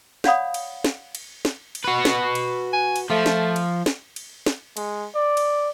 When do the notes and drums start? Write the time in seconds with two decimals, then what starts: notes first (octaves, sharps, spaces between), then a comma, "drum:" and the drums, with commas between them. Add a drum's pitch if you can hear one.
0.24 C#5 D5 F5 F#5 B5 D#6, drum: snare
0.54 drum: cymbal
0.84 drum: snare
1.15 drum: cymbal
1.45 drum: snare
1.75 drum: cymbal
1.84 F#4 B4
2.05 drum: snare
2.35 drum: cymbal
2.73 G#5
2.96 drum: cymbal
3.10 F3 A3
3.26 drum: snare
3.56 drum: cymbal
3.86 drum: snare
4.16 drum: cymbal
4.46 drum: snare
4.77 G#3, drum: cymbal
5.15 D5
5.37 drum: cymbal